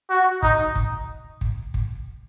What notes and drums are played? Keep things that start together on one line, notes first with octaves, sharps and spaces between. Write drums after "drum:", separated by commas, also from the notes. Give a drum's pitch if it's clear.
F#4
D#4, drum: kick
drum: kick
drum: kick
drum: kick